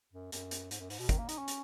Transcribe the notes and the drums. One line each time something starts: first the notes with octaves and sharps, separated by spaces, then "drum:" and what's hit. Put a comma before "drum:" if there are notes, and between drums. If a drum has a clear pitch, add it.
F#2
F#2, drum: hi-hat
drum: hi-hat
G#2, drum: hi-hat
F#2
G#2, drum: open hi-hat
B2
D#3, drum: kick, hi-hat
A#3
D#4, drum: hi-hat
C#4
drum: hi-hat